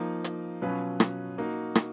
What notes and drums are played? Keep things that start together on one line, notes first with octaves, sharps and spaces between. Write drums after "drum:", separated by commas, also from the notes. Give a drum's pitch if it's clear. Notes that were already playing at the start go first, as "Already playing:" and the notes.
Already playing: F3 A#3 D#4
drum: hi-hat
B2 F#3 C#4 F4 B4
drum: rim click
A#3 D#4 F#4
drum: rim click